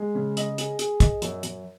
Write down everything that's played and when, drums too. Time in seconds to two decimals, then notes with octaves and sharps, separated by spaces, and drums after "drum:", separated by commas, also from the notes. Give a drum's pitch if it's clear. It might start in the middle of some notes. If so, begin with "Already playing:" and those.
Already playing: G#3
0.15 C#3
0.37 D#5, drum: hi-hat
0.58 G#4, drum: hi-hat
0.79 G#4, drum: hi-hat
1.00 D#5, drum: kick, hi-hat
1.22 F#2, drum: hi-hat
1.43 F#2, drum: hi-hat